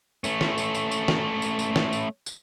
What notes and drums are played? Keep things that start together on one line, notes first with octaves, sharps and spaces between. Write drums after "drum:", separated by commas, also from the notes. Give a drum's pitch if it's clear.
A3 C#4, drum: tambourine
drum: snare
drum: tambourine
drum: tambourine
drum: tambourine
drum: snare
drum: tambourine
drum: tambourine
drum: snare
drum: tambourine
drum: tambourine